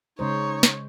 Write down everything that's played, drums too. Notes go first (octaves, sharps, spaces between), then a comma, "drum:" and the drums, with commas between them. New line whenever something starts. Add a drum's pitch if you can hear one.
C#3 G#3 D#4 C5 C#5
drum: snare